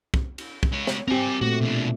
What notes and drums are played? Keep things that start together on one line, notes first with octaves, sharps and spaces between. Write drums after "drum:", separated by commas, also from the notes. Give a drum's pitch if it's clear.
drum: kick
drum: cymbal
drum: kick
G#3 C#5
drum: snare
C4 G4 A#4 G#5
A#2 A3 F#4
B2 D4